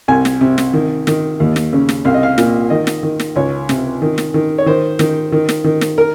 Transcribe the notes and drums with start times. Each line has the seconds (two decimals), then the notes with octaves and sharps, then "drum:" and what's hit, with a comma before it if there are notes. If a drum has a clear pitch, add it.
0.08 C2 G#5
0.25 drum: snare
0.41 C3
0.58 drum: snare
0.74 D#3
1.07 D#3, drum: snare
1.40 D#2
1.56 drum: snare
1.73 C#3
1.89 drum: snare
2.05 C2 F5
2.14 D#5
2.23 F5
2.38 A#2, drum: snare
2.70 D#3 D#5
2.87 drum: snare
3.03 D#3
3.20 drum: snare
3.36 C#2 C#5
3.69 C3, drum: snare
4.02 D#3
4.18 drum: snare
4.34 D#3
4.58 C#5
4.66 D#3 C5
4.99 D#3, drum: snare
5.32 D#3
5.49 drum: snare
5.64 D#3
5.81 drum: snare
5.98 A#4